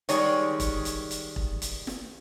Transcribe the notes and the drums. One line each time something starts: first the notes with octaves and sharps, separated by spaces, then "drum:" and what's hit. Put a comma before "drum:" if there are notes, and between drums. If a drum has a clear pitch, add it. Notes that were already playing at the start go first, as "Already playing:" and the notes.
D#3 G3 G#3 C#5, drum: hi-hat
drum: kick E1, hi-hat
drum: hi-hat
drum: hi-hat
drum: kick E1
drum: hi-hat
drum: snare